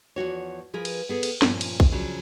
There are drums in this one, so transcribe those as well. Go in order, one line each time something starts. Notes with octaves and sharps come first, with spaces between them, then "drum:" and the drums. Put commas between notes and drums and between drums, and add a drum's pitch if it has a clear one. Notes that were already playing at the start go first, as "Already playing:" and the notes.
E2 F3 F#4 C#5
F3 G#4 A#4 B4
drum: cymbal
B3 G#4 A4
drum: cymbal
G2 A#2 F3 C#4, drum: snare
drum: cymbal
drum: kick
C#3 F3 F#3 D4